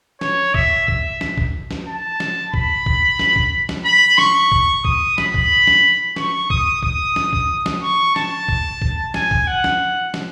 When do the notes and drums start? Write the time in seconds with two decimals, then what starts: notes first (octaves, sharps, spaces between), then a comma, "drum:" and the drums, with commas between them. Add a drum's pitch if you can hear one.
0.21 C#5, drum: snare
0.54 E5, drum: kick
0.88 E5, drum: kick
1.21 drum: snare
1.38 drum: kick
1.71 drum: snare
1.87 A5
2.20 drum: snare
2.54 B5, drum: kick
2.86 drum: kick
3.19 drum: snare
3.36 drum: kick
3.69 drum: snare
3.85 B5
4.18 C#6, drum: snare
4.52 drum: kick
4.85 D#6, drum: kick
5.18 B5, drum: snare
5.34 drum: kick
5.67 drum: snare
6.16 C#6, drum: snare
6.50 D#6, drum: kick
6.83 D#6, drum: kick
7.16 drum: snare
7.33 drum: kick
7.66 drum: snare
7.82 C#6
8.16 A5, drum: snare
8.48 drum: kick
8.82 drum: kick
9.14 G#5, drum: snare
9.31 drum: kick
9.47 F#5
9.64 drum: snare
10.14 drum: snare